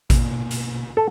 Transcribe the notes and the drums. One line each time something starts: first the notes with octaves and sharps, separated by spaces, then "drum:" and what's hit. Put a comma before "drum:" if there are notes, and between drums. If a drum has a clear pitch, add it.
B2 A#3, drum: kick A1, hi-hat
drum: hi-hat
A4